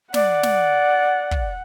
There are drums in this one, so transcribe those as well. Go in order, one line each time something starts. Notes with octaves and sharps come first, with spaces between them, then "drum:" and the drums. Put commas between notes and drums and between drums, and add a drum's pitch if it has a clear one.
D5 F#5, drum: snare
drum: snare
drum: kick